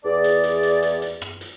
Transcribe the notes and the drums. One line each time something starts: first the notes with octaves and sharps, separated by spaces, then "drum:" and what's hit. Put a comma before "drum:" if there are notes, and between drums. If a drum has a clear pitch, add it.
E2 G#4 D5
drum: hi-hat
drum: hi-hat
drum: hi-hat
drum: hi-hat
drum: hi-hat
drum: rim click
drum: hi-hat